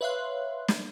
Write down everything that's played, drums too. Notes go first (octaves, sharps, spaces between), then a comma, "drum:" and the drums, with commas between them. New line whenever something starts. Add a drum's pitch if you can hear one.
B4 C#5 E5 F5 C6 F#6
drum: snare